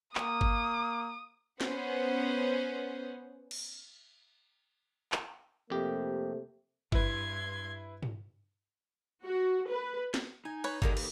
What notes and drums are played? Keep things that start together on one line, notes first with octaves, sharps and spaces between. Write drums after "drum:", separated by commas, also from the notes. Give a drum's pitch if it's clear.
A#3 D#6, drum: clap
drum: kick G1
B3 C#4 C5 F#5, drum: snare
drum: cymbal
drum: clap
F2 C3 A3 A#3 G4
G2 E4 B4 C6 G#6, drum: kick G1
drum: tom
F#4
B4
drum: snare
D#4 G#5
B4 C#5, drum: cymbal
D3 D#3 G#3 A#3 D#4 G4 A#4, drum: kick G1
E3, drum: cymbal